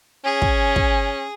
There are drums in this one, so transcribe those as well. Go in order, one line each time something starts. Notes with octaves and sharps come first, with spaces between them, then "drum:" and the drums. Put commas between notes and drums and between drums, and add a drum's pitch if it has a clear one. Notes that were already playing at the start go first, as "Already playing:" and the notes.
C#4 G#4
drum: kick
drum: kick